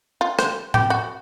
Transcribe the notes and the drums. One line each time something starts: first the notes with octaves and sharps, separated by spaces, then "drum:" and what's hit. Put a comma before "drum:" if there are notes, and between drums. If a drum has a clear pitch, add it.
F4
C5, drum: rim click
G4, drum: tom A2
F#4